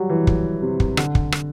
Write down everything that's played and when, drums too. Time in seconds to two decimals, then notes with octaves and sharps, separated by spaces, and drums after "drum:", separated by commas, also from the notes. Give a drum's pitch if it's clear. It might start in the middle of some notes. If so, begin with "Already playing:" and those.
Already playing: F#3 G3
0.09 E3
0.27 drum: kick
0.62 C3
0.80 drum: kick
0.97 D3, drum: rim click
1.15 drum: kick
1.32 drum: rim click